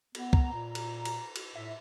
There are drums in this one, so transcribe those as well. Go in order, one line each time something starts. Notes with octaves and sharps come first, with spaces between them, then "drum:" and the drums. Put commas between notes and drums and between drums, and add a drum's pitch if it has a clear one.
B3, drum: cymbal
A#5, drum: kick
A#2
drum: cymbal
drum: cymbal
drum: cymbal
A2 E5